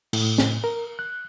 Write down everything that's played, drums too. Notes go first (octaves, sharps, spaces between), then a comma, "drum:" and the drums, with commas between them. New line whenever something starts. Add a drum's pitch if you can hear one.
A2, drum: cymbal
drum: snare
A#4
F#6